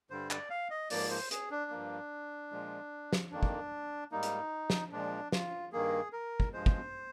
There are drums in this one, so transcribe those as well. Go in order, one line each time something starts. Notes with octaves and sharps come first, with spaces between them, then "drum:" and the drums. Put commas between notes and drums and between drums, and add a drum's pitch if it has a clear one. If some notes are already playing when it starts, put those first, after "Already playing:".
G2 D3 G3 C5
D5, drum: clap
F5
D#5
G#2 F3 A#3 D5, drum: open hi-hat
C5
G#4, drum: hi-hat
D4
G2 F3 A#3
A#2 F3 G#3
drum: snare
F2 D#3 A#3 D4
drum: kick
G#2 G3 A#3 D#4
drum: hi-hat
drum: snare
A#2 F3 G#3 D4
F4, drum: snare
G2 D#3 A#3 G#4
A#4
drum: kick
G2 F3 G#3 C5
drum: kick